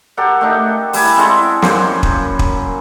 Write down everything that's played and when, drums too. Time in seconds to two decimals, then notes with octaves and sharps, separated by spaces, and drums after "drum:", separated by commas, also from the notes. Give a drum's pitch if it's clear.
0.17 G4 A4 A#4 F#5
0.41 A3 D4 D#4
0.93 G3 E4 G#5, drum: open hi-hat
1.17 G#3 C4 E4 A4
1.62 F#2 A#3 C#4 C5, drum: snare
2.03 drum: kick
2.39 drum: kick